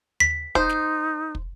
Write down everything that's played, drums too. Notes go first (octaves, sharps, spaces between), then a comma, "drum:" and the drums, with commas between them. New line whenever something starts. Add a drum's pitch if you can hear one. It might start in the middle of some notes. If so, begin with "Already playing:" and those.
B6, drum: tom D#2
D#4 C5, drum: kick
drum: snare
drum: kick